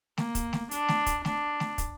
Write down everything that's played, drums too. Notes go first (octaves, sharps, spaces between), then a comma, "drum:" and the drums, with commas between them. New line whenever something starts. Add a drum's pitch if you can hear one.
A#3, drum: snare
drum: kick, hi-hat
drum: snare
D4, drum: hi-hat
drum: snare
drum: kick, hi-hat
D4, drum: snare
drum: snare
drum: kick, hi-hat